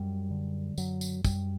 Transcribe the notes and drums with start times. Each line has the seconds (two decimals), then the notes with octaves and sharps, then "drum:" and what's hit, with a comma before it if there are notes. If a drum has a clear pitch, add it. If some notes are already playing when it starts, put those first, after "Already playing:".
Already playing: F#2 G3
0.30 D3
0.78 F#2 F#3, drum: tambourine
1.01 drum: tambourine
1.25 F#2 G3, drum: kick, tambourine